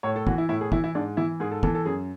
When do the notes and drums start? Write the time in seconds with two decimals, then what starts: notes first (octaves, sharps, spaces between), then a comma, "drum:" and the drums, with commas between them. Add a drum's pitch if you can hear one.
0.03 A2 C#5
0.16 A4
0.27 E3 F#4, drum: kick
0.38 E4
0.49 A2 E4
0.61 G#4
0.72 E3 E4, drum: kick
0.84 E4
0.95 G#2 D4
1.17 E3 E4
1.40 G#2 G#4
1.52 A4
1.63 E3 A4, drum: kick
1.75 A4
1.85 F#2 G#4